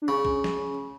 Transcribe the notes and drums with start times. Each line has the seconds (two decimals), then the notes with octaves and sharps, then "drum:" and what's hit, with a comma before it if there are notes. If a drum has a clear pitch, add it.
0.02 D4
0.08 C#3 C#4
0.25 drum: kick A#1
0.44 drum: snare